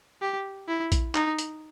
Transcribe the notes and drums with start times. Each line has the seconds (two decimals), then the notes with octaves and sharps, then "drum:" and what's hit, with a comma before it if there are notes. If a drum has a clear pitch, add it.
0.22 G4
0.68 E4
0.92 drum: kick A#1, hi-hat
1.15 D#4, drum: clap
1.39 drum: hi-hat